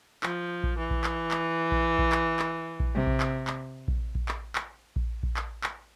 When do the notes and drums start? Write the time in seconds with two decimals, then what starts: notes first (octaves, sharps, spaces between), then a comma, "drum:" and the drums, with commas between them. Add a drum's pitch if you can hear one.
0.23 F3, drum: clap
0.64 drum: kick A#1
0.77 E3
0.91 drum: kick A#1
1.04 drum: clap
1.31 drum: clap
1.72 drum: kick A#1
1.99 drum: kick A#1
2.12 drum: clap
2.39 drum: clap
2.80 drum: kick A#1
2.93 C3
3.07 drum: kick A#1
3.20 drum: clap
3.47 drum: clap
3.88 drum: kick A#1
4.15 drum: kick A#1
4.28 drum: clap
4.56 drum: clap
4.96 drum: kick A#1
5.23 drum: kick A#1
5.37 drum: clap
5.64 drum: clap